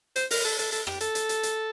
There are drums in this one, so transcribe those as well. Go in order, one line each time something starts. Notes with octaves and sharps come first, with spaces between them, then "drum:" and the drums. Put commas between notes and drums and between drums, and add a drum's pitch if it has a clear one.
C5, drum: hi-hat
A#4, drum: open hi-hat
A4
A4, drum: hi-hat
A4, drum: hi-hat
G4, drum: rim click
A4, drum: hi-hat
drum: hi-hat
drum: hi-hat
drum: hi-hat